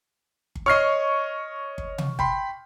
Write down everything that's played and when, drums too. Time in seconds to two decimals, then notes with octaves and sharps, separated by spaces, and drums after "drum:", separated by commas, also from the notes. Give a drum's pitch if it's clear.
0.55 drum: kick G1
0.66 C#5 D#5 C#6 F6 C7
1.78 drum: kick G1
1.98 drum: tom C3
2.19 G5 B5 C6, drum: kick G1